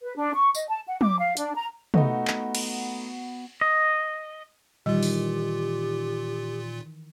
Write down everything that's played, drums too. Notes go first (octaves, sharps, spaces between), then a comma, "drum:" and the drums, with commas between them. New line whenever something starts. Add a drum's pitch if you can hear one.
B4
D4
C#6
D#5, drum: tambourine
A5
F#5
D6, drum: tom
F5
D4, drum: hi-hat
A#5
A3 B3 D#4 F#4, drum: tom
drum: clap
drum: cymbal
D#5
A#2 D#3 E3 G3 F4 G4
drum: open hi-hat